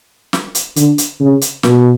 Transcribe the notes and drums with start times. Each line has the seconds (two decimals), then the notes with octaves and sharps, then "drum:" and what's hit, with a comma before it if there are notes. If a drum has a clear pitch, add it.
0.33 drum: snare
0.55 drum: hi-hat
0.76 D3, drum: hi-hat
0.98 drum: hi-hat
1.20 C#3
1.41 drum: hi-hat
1.63 B2, drum: snare